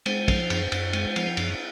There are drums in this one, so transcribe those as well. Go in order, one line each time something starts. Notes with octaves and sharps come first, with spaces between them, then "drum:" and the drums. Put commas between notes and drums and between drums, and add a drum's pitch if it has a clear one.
G#3 C5, drum: cymbal
F3, drum: kick, cymbal
F#2, drum: cymbal
F#2, drum: cymbal
G#3, drum: cymbal
F3, drum: cymbal
F#2, drum: cymbal